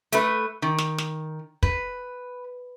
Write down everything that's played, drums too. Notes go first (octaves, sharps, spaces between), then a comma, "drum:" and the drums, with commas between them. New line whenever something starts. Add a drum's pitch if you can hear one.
A3 B4, drum: hi-hat
D#3
drum: snare
drum: snare
B4, drum: kick